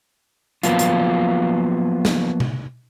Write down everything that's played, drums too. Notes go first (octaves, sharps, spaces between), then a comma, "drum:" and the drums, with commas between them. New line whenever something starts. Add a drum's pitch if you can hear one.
F3 F#3 A#3 B3 F4, drum: hi-hat
drum: hi-hat
drum: snare
drum: tom B2